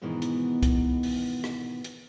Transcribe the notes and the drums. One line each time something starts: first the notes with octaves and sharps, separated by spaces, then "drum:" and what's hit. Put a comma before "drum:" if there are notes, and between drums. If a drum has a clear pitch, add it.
G#2 B2 D#3 E3 B3
drum: hi-hat
drum: kick C2, hi-hat
drum: open hi-hat
drum: rim click
drum: hi-hat